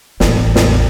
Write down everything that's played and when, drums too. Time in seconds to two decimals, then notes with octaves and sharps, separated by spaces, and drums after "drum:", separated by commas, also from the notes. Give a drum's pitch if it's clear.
0.20 A1 E2, drum: snare
0.55 drum: snare